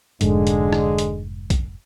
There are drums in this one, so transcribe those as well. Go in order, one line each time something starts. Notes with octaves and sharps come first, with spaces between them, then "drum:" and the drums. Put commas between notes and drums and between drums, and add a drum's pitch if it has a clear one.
F1 G#2 D3 G#3, drum: hi-hat
drum: hi-hat
drum: rim click
drum: hi-hat
drum: kick B1, hi-hat